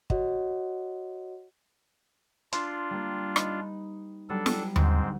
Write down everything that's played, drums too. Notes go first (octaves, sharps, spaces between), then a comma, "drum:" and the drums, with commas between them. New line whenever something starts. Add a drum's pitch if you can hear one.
F#4 C#5 D#5 F#5, drum: kick
D4 F4 C6 E6, drum: hi-hat
G3 A#3
D#4 B4 D#5, drum: rim click
F#3 G3 B3 D4 A4
drum: snare
D2 G#2 C4, drum: tom D#2